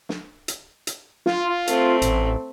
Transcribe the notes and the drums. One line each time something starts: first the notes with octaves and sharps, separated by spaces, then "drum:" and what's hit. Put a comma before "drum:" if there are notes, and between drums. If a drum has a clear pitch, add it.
drum: snare
drum: hi-hat
drum: hi-hat
F4, drum: snare
A3 C4, drum: hi-hat
A1, drum: hi-hat